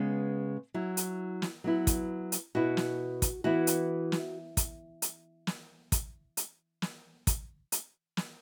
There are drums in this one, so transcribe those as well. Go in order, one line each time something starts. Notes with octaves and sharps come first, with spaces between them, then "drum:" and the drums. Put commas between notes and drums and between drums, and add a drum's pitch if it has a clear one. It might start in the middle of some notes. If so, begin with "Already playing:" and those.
Already playing: C#3 G#3 B3
F#3 E4
drum: hi-hat
drum: snare
F#3 B3 E4
drum: kick, hi-hat
drum: hi-hat
B2 B3 E4 F#4
drum: snare
drum: kick, hi-hat
E3 B3 E4 F#4
drum: hi-hat
drum: snare
drum: kick, hi-hat
drum: hi-hat
drum: snare
drum: kick, hi-hat
drum: hi-hat
drum: snare
drum: kick, hi-hat
drum: hi-hat
drum: snare